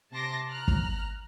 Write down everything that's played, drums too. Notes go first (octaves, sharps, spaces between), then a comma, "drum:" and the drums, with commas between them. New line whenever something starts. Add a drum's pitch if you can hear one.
C3 A5 C6 D6 A#6
A#5 F6 F#6
drum: kick